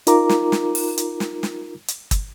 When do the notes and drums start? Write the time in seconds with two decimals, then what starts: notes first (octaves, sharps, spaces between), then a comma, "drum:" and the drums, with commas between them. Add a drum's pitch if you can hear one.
0.07 D#4 F4 A#4 A#5 D6, drum: hi-hat
0.29 drum: snare
0.52 drum: snare
0.75 drum: open hi-hat
0.98 drum: hi-hat
1.20 drum: snare
1.43 drum: snare
1.88 drum: hi-hat
2.11 drum: kick, hi-hat